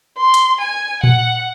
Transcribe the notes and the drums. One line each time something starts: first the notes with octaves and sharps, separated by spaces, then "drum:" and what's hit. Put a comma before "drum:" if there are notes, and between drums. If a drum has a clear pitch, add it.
C6
drum: hi-hat
G#5
F#5, drum: tom A#2